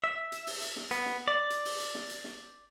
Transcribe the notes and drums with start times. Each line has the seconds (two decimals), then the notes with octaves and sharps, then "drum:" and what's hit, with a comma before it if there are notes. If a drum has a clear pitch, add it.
0.04 E5
0.32 drum: hi-hat
0.47 drum: open hi-hat
0.61 drum: hi-hat
0.76 drum: snare
0.91 B3, drum: hi-hat
1.06 drum: snare
1.28 D5
1.50 drum: hi-hat
1.65 drum: open hi-hat
1.80 drum: hi-hat
1.95 drum: snare
2.09 drum: hi-hat
2.24 drum: snare